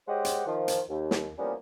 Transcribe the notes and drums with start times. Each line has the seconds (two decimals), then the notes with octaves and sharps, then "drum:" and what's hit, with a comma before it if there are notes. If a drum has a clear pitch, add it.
0.08 G#3 G4 C5 C#5 D#5 F#5
0.25 drum: hi-hat
0.46 D#3 F3
0.68 drum: hi-hat
0.89 D#2
1.11 drum: snare
1.38 E3 F3 G3 A#3 B3 C#4